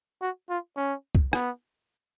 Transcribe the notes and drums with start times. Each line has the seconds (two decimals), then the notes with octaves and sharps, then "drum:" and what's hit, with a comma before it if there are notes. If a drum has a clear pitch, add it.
0.21 F#4
0.49 F4
0.77 C#4
1.15 drum: kick C2
1.33 B3, drum: rim click